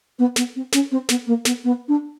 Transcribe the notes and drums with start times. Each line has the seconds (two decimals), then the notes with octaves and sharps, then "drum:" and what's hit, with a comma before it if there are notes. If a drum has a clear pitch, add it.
0.18 B3
0.36 B3, drum: snare
0.55 C4
0.72 C#4, drum: snare
0.91 C4
1.09 B3, drum: snare
1.26 A#3
1.45 B3, drum: snare
1.63 B3
1.87 D4